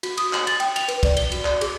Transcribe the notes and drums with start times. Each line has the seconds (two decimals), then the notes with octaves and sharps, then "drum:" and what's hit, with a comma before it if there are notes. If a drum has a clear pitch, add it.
0.03 F#4, drum: cymbal
0.17 D#6, drum: cymbal
0.33 F#7, drum: clap
0.47 A6, drum: cymbal
0.60 G5, drum: cymbal
0.76 F7, drum: cymbal
0.88 B4, drum: cymbal
1.03 D5, drum: kick, cymbal
1.17 G7, drum: cymbal
1.32 F#4, drum: cymbal
1.45 D5, drum: clap
1.61 G#4, drum: cymbal